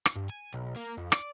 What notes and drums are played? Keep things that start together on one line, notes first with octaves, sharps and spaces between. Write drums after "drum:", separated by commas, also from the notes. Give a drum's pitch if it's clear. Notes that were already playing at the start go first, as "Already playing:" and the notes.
drum: rim click
G2
G#5
B1
A#3
F2
D5, drum: rim click